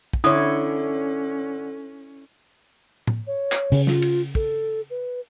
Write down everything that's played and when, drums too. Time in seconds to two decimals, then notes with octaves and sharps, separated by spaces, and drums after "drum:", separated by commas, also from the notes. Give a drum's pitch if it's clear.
0.13 drum: kick
0.24 D3 C#4 E4 C#5 D#6
3.07 drum: tom A2
3.27 C#5
3.52 drum: clap
3.72 C#3, drum: open hi-hat
3.87 F4, drum: snare
4.02 drum: cymbal
4.35 A4, drum: kick
4.90 B4